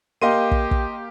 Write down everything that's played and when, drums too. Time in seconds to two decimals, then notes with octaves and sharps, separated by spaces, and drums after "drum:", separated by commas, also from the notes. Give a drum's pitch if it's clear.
0.22 A#3 G4 D#5 F5 C6 D#7
0.51 drum: kick
0.71 drum: kick